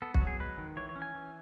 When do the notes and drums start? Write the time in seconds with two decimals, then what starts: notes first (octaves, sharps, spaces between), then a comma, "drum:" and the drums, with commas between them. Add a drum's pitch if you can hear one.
0.02 B3 A4
0.14 F#4, drum: kick
0.21 F#3
0.27 G#4
0.40 G#3 B4
0.58 D#3
0.77 E3 C#5
0.89 C#5
0.96 C#4
1.02 G#5
1.15 E3